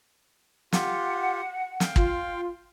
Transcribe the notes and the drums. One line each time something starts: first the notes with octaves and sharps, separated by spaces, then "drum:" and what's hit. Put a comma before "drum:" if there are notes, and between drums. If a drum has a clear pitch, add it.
F4 G4 F#5, drum: snare
F5 G5, drum: snare
F4, drum: kick